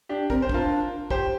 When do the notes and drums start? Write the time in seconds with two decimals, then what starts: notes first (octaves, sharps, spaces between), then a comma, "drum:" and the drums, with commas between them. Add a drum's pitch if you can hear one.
0.09 D4 G4
0.30 C4 A#4, drum: kick
0.42 C5
0.49 D4 F4 A#4, drum: kick
1.10 G4 C5, drum: kick